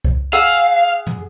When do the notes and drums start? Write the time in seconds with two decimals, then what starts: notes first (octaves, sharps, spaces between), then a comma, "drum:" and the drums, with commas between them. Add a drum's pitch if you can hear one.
0.05 drum: kick C2
0.33 G#4 F5 F#5 E6
1.07 drum: tom